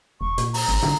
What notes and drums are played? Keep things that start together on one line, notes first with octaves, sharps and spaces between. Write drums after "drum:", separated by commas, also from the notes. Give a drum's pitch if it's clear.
E1 C#6
A#2, drum: hi-hat
A#5, drum: open hi-hat
G#1, drum: hi-hat
D3, drum: tom